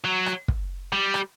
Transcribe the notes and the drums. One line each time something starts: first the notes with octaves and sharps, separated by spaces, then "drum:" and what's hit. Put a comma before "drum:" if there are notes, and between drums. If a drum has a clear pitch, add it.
F#3
drum: rim click
drum: kick
G3
drum: rim click